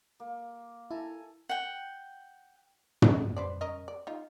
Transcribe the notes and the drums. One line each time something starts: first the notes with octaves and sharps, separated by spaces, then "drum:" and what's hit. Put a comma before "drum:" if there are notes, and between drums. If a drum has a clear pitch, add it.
A#3
E4 A4 G#5 A#5
F#5 G5
drum: tom
B4 C5 D5
C#4 A#4 D#5
D5
D#4 F4